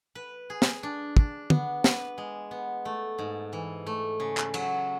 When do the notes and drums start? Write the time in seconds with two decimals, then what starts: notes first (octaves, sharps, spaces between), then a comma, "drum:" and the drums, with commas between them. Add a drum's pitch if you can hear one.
0.15 B4
0.50 G#4
0.62 drum: snare
0.83 D4
1.17 D4, drum: kick
1.50 B3, drum: tom
1.84 B4, drum: snare
2.18 G#3
2.51 B3
2.85 A3
3.19 G#2
3.53 E3
3.87 A3
4.20 C#3
4.37 drum: clap
4.54 F#3, drum: cymbal